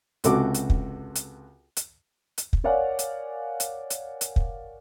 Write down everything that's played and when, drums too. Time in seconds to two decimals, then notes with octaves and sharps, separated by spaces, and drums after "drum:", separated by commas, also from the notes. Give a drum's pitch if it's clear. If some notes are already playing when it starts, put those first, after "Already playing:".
0.24 C#2 C3 F#4 A4 D6, drum: hi-hat
0.54 drum: hi-hat
0.70 drum: kick
1.15 drum: hi-hat
1.77 drum: hi-hat
2.38 drum: hi-hat
2.53 drum: kick
2.64 A#4 C#5 D5 F5 F#5 G#5
2.99 drum: hi-hat
3.60 drum: hi-hat
3.90 drum: hi-hat
4.21 drum: hi-hat
4.36 drum: kick